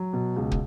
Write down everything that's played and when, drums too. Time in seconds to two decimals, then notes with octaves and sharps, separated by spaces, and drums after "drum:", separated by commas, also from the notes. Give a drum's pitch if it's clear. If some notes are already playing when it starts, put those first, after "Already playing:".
Already playing: F#3
0.13 B2
0.36 C#2
0.52 drum: kick